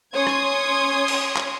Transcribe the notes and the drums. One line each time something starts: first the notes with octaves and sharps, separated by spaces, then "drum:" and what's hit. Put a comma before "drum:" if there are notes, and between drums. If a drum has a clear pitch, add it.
C#4 C#5 C6 D#6 G#6
drum: rim click
drum: cymbal
drum: clap